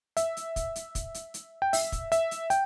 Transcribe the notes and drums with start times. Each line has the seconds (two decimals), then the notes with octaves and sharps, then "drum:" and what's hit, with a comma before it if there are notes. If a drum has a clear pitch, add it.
0.17 E5, drum: hi-hat
0.37 drum: hi-hat
0.56 drum: kick, hi-hat
0.76 drum: hi-hat
0.95 drum: kick, hi-hat
1.14 drum: hi-hat
1.34 drum: hi-hat
1.62 G5
1.73 E5, drum: open hi-hat
1.92 drum: kick, hi-hat
2.12 E5, drum: hi-hat
2.31 drum: hi-hat
2.50 G5, drum: hi-hat